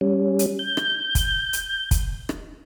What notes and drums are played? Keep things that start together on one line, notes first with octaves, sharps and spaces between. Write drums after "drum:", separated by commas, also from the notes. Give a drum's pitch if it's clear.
G3 C#4
drum: hi-hat
G6
drum: rim click
drum: kick, hi-hat
drum: hi-hat
drum: kick, hi-hat
drum: rim click